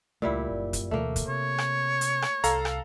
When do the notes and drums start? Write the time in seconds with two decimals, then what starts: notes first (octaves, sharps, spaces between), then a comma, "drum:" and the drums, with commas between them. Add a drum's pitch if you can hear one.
0.22 C#2 A#2 G3 A3 E4
0.49 F#1
0.73 drum: kick, hi-hat
0.91 D2 B2 E3 A3 A#3
1.16 drum: kick, hi-hat
1.28 C3 C#5
1.58 drum: rim click
2.01 drum: hi-hat
2.22 drum: rim click
2.44 C2 A4 F5 A#5, drum: hi-hat
2.65 drum: rim click